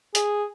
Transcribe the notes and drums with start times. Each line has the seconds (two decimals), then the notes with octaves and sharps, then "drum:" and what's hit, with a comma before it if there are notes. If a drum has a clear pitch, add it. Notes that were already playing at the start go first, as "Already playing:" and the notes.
0.15 G#4, drum: hi-hat